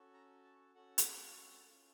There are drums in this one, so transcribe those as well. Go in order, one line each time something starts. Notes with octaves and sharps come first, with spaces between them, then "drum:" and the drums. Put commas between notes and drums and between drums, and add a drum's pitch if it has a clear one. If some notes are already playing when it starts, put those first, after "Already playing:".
Already playing: C#4 F#4 A4
A#5
A5
C#4 F#4 A4 F#5
drum: hi-hat
C#4 F4 A4